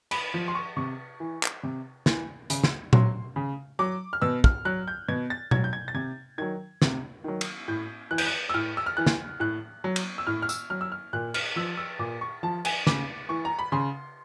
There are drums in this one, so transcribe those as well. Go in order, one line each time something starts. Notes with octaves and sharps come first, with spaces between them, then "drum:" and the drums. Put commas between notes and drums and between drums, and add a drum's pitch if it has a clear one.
B5, drum: cymbal
F3
C6
C#6
C3 C#6
E3
drum: clap
C3
E3, drum: snare
C#3, drum: hi-hat
drum: snare
F#3 C6, drum: tom A#2
C#3
F#3 D6
F6
B2 E6
F6, drum: kick
F#3 F#6
G6
B2 G#6
A6
F#3 G#6, drum: tom B2
G6
G#6
A6
C3 G#6
D#3 F#3 G#6
C3, drum: snare
D#3 F#3
drum: cymbal
A2 G6
E3 F#6
G6, drum: cymbal
F#6
E6
A2 F6
E6
F6
E3 F#6
drum: snare
A2 F#6
F#3
drum: cymbal
E6
A2 F6
F6
E6, drum: tambourine
F#3 F6
E6
F6
A#2 F#6
F6, drum: cymbal
F3 E6
E6
A#2 D6
C#6
F3 A5
G#5, drum: cymbal
C#3 D6, drum: snare
E3 C#6
A#5
B5
C#3 C6